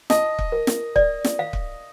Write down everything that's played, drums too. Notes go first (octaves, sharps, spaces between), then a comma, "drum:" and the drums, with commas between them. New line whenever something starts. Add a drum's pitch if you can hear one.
D#5 A5, drum: snare
drum: kick
A#4
drum: snare
D5, drum: kick
drum: snare
F5
drum: kick